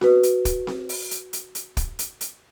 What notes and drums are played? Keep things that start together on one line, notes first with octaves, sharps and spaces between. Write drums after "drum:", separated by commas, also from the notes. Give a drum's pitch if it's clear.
F#4 B4, drum: snare C4
drum: hi-hat
drum: kick, hi-hat
drum: snare C4
drum: open hi-hat
drum: hi-hat
drum: hi-hat
drum: hi-hat
drum: kick, hi-hat
drum: hi-hat
drum: hi-hat